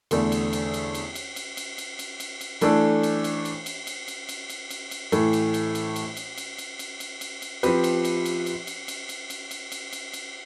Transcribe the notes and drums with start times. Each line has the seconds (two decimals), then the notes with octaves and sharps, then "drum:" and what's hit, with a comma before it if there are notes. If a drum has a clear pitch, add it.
0.11 E2 D3 A3, drum: cymbal
0.32 drum: cymbal
0.53 drum: cymbal
0.74 drum: cymbal
0.95 drum: cymbal
1.15 drum: cymbal
1.36 drum: cymbal
1.57 drum: cymbal
1.78 drum: cymbal
1.99 drum: cymbal
2.20 drum: cymbal
2.41 drum: cymbal
2.61 E3 A3 D4 A4, drum: cymbal
3.03 drum: cymbal
3.24 drum: cymbal
3.45 drum: cymbal
3.66 drum: cymbal
3.87 drum: cymbal
4.08 drum: cymbal
4.29 drum: cymbal
4.50 drum: cymbal
4.70 drum: cymbal
4.91 drum: cymbal
5.12 A2 E3 A3, drum: cymbal
5.33 drum: cymbal
5.54 drum: cymbal
5.75 drum: cymbal
5.96 drum: cymbal
6.17 drum: cymbal
6.38 drum: cymbal
6.58 drum: cymbal
6.79 drum: cymbal
7.00 drum: cymbal
7.21 drum: cymbal
7.42 drum: cymbal
7.63 F3 C4 G4 B4, drum: cymbal
7.84 drum: cymbal
8.05 drum: cymbal
8.25 drum: cymbal
8.46 drum: cymbal
8.67 drum: cymbal
8.88 drum: cymbal
9.09 drum: cymbal
9.30 drum: cymbal
9.51 drum: cymbal
9.72 drum: cymbal
9.93 drum: cymbal
10.13 drum: cymbal